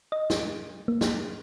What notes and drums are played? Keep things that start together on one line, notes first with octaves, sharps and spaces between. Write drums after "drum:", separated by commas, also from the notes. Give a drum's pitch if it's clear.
D#5
drum: snare
A#3
drum: snare